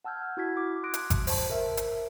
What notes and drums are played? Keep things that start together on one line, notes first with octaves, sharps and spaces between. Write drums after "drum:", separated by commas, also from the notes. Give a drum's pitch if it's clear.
F#5 A5 E6 F6 G6 G#6
E4 F#4 G#6 B6
D6
C6 D6 D#6 F#6 A#6 D7
drum: hi-hat
drum: kick G#1, hi-hat
C5 A5, drum: open hi-hat
A#4 E5
drum: hi-hat